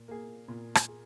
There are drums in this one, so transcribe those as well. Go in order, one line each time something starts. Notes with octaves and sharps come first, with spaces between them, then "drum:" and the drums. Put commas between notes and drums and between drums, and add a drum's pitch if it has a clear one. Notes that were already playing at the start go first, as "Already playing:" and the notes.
Already playing: A#2
A#3 G#4
A#2
drum: rim click
G#4